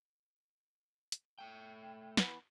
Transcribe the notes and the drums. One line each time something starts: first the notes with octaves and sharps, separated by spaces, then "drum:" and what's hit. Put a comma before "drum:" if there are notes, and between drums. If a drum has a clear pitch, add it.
drum: hi-hat
A3 G5
E3 B3 B4, drum: snare